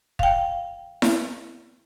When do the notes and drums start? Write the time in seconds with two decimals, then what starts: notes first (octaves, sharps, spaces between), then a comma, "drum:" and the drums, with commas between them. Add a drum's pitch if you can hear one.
0.19 F5 G5, drum: kick
1.02 drum: snare E4